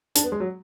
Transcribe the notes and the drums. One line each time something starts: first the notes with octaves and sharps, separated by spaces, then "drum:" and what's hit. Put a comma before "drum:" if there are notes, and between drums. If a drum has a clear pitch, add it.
D4, drum: hi-hat
B3
G#3
F#3